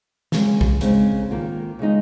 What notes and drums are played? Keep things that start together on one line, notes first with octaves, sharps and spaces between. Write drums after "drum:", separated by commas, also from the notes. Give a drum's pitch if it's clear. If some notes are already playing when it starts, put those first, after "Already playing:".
D#2 C#3 G#3, drum: snare
drum: kick A#1
C#3 G#3 C4 D#4, drum: hi-hat
D#3 A#3 F4
C#3 G#3 D#4